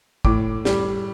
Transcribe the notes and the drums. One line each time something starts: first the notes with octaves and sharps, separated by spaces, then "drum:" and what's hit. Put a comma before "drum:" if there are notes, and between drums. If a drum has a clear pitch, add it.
A2 D6, drum: kick
G3, drum: snare